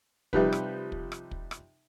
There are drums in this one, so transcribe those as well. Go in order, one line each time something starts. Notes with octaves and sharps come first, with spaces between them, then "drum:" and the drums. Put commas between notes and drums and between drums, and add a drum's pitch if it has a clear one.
C3 F3 G3 D#4 B4, drum: kick
drum: rim click
drum: kick
drum: rim click
drum: kick
drum: rim click